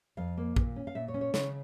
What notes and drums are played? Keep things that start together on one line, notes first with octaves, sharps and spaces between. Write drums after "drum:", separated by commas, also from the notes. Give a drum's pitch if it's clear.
F2 F5
A#3
A#2, drum: kick
C#4
F5
A#2 E5
C#5
C#4
C#5
C#3 C#5, drum: snare